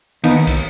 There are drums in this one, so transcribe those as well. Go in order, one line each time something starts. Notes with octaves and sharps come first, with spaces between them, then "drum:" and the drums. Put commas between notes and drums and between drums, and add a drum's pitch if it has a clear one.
D#2 B3 D#4, drum: cymbal
drum: kick, cymbal